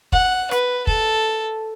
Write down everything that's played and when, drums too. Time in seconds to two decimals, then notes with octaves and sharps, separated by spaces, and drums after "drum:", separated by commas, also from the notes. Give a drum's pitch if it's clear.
0.12 F#5, drum: kick
0.51 B4, drum: rim click
0.87 A4, drum: kick